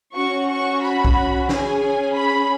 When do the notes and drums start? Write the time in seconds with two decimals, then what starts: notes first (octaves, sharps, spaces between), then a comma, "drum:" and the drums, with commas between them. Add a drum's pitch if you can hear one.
0.15 C#4 F#4 C#6
0.49 C#6
0.82 B5
1.05 drum: kick B1
1.49 C#4 G#4 G#5, drum: snare
2.16 B5